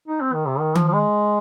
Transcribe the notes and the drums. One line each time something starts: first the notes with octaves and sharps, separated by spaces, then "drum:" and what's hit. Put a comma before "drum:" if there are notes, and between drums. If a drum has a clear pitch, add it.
D#4
C4
D#3
C3
D#3
F3, drum: tom D#3
F3
G#3